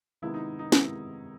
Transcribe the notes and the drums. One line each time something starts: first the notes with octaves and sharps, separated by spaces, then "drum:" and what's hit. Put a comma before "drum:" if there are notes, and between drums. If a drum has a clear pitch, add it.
C3 D#3 G#3 B3 E4
D#4
D#4
C3 D#3 G#3 B3 E4, drum: snare